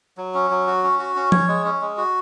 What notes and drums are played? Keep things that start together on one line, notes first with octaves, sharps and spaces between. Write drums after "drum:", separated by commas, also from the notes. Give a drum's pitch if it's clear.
F#3
C#4
F#3
F#4
C#4
F#4
C#4
C#5, drum: tom F3
G#3
C#4
G#3
F#4